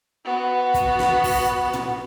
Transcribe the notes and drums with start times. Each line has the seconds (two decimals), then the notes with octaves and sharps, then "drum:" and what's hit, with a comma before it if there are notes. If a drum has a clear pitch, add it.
0.25 B3 F#4
0.74 drum: kick, hi-hat
0.99 drum: snare
1.24 drum: kick, open hi-hat
1.73 drum: tom